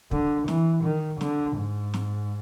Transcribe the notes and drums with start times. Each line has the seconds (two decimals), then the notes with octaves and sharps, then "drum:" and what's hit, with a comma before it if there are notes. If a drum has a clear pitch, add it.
0.11 D3, drum: kick
0.48 E3, drum: snare
0.84 D#3
1.21 D3, drum: snare
1.57 G#2
1.94 drum: snare